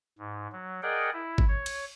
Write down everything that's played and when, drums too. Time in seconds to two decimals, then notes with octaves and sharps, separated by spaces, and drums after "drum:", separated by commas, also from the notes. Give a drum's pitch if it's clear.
0.18 G#2
0.52 F#3
0.82 G#4 A#4 D5 D#5 F#5 G5
1.14 E4
1.38 drum: kick G#1
1.48 C#5
1.66 drum: cymbal